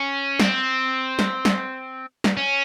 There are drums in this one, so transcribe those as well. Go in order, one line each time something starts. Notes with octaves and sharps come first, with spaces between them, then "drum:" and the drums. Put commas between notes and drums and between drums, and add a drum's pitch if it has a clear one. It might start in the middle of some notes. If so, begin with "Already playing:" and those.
Already playing: C#4
C4, drum: snare
drum: snare
drum: snare
drum: snare
C#4